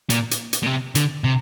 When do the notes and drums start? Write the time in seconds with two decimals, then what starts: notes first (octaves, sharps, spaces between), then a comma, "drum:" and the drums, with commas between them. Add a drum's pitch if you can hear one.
0.10 A#2, drum: hi-hat
0.31 drum: hi-hat
0.53 drum: hi-hat
0.63 A#2
0.66 C3
0.95 D3, drum: hi-hat
1.24 C3